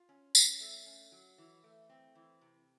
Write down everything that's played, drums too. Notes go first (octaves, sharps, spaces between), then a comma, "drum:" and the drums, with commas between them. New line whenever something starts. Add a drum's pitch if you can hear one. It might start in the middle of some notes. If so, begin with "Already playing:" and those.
Already playing: F4
C#4
C#4, drum: tambourine
A3
C#4
F#3
E3
A3
C4
E3
C3